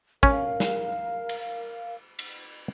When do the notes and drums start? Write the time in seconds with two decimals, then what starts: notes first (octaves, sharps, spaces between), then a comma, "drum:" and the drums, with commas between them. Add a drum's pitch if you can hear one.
0.23 C#4 A#4 F5, drum: kick
0.60 drum: snare
1.29 drum: cymbal
2.19 drum: cymbal